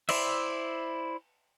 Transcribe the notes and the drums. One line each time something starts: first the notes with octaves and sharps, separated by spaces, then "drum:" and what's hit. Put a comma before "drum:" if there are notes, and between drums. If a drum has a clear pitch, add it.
E4 C5 D5 E5, drum: cymbal